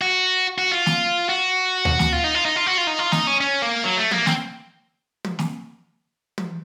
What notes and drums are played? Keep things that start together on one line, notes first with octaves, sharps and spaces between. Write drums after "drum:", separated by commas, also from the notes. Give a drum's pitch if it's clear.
F#4
F#4
F4
drum: snare
F#4
drum: tom D2
drum: snare
F4
D#4
F4
D#4
F4
F#4
F4
D#4
F4
D#4, drum: snare
C#4
C#4
A#3
F#3
A3
A#3, drum: tom
C4, drum: snare
drum: tom
drum: snare
drum: tom